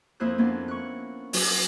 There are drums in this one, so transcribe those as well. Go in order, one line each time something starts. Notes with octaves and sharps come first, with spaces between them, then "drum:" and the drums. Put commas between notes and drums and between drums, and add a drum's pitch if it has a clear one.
F2 A#3 E4 C5 D#6 F#6
A#3 B3 C#4 D4
C#6 F#6
F#3, drum: open hi-hat